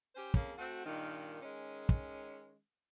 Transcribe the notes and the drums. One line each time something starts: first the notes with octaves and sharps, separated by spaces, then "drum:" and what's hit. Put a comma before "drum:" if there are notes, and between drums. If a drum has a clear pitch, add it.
C#4 G4 C5
F2 A#3 C#4 G#4, drum: kick
A3 C4 F#4
G2 A#2 D#3
D#3 G#3 C#4
drum: kick